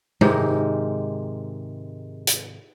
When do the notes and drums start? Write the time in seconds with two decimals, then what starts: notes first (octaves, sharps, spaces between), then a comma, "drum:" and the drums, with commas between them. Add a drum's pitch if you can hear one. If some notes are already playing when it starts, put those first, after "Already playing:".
0.21 G#2 C3 D#3 G#3, drum: tom G#3
2.27 drum: hi-hat